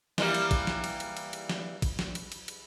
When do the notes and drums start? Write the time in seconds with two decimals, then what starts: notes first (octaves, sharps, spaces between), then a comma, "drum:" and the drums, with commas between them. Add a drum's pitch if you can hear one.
0.18 E3 G3 A#3, drum: snare
0.34 drum: cymbal
0.51 drum: kick, cymbal
0.67 drum: snare
0.84 drum: cymbal
1.00 drum: cymbal
1.17 drum: cymbal
1.33 drum: cymbal
1.49 drum: snare
1.82 drum: kick, cymbal
1.99 drum: snare
2.15 drum: cymbal
2.32 drum: cymbal
2.48 drum: cymbal